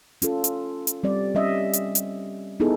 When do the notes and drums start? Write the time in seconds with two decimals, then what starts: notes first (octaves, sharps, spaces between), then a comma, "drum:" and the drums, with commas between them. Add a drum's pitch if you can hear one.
0.22 C#4 F4 A4, drum: hi-hat
0.44 drum: hi-hat
0.87 drum: hi-hat
1.03 G3 C4 D5
1.35 G3 C#4 D#5 E5
1.73 drum: hi-hat
1.95 drum: hi-hat
2.60 B3 D#4 E4 G#4 A4